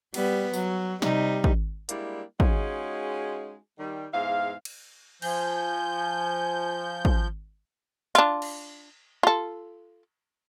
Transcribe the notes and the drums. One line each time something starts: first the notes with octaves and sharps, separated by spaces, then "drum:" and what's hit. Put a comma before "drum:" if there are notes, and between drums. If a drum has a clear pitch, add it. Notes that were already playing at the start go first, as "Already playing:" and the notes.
G3 B3, drum: cymbal
F#3, drum: tambourine
C3 G3 D#4, drum: snare
drum: kick
G3 G#3 A#3 D4 E4, drum: hi-hat
G#3 C#4 D#4 F4 F#4 G#4, drum: kick
D#3 G3
E2 G#2 E5 F5
drum: cymbal
F3 G#5 G6, drum: cymbal
drum: kick
D4 F4, drum: hi-hat
drum: cymbal
F4 A4